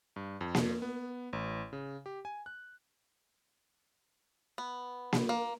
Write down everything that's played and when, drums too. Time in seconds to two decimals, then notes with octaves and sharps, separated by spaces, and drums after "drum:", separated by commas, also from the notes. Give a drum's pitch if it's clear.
0.16 G2
0.41 F2
0.55 drum: snare A#3
0.82 B3
1.33 A1
1.73 C#3
2.06 G4
2.25 G#5
2.46 F#6
4.58 B3
5.13 drum: snare A#3
5.29 A#3